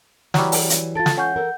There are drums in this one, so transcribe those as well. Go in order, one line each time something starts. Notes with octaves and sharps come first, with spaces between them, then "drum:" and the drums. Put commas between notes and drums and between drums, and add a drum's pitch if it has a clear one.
E3 F#3 G3, drum: snare
drum: open hi-hat
drum: hi-hat
F4 A4 A5 A6
drum: snare
C#4 F#5 G6
A4 A#4